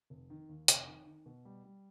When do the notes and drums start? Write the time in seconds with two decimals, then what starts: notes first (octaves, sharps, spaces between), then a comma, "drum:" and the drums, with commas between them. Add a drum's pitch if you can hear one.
0.10 F1
0.30 D#3
0.49 D#2
0.68 F1, drum: hi-hat
0.87 D#3
1.06 D#3
1.26 B2
1.45 G3
1.64 G3